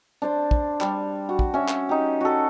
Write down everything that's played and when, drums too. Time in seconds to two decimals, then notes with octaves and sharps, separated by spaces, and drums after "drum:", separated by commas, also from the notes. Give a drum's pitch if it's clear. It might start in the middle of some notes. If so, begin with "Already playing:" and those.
0.22 D4 C5 D5
0.51 drum: kick
0.81 G3, drum: clap
1.29 F#4
1.39 drum: kick
1.54 C#4 E5
1.68 drum: clap
1.89 D#4 G4
2.21 F#4 A4